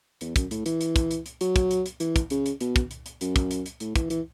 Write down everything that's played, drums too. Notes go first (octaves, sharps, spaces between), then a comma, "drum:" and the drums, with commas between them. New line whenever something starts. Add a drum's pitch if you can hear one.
E2, drum: hi-hat
F#2, drum: kick, hi-hat
A2, drum: hi-hat
E3, drum: hi-hat
drum: hi-hat
drum: kick, hi-hat
drum: hi-hat
drum: hi-hat
F#3, drum: hi-hat
drum: kick, hi-hat
drum: hi-hat
drum: hi-hat
E3, drum: hi-hat
drum: kick, hi-hat
C#3, drum: hi-hat
drum: hi-hat
B2, drum: hi-hat
drum: kick, hi-hat
drum: hi-hat
drum: hi-hat
F#2, drum: hi-hat
drum: kick, hi-hat
drum: hi-hat
drum: hi-hat
A2, drum: hi-hat
E3, drum: kick, hi-hat
E3, drum: hi-hat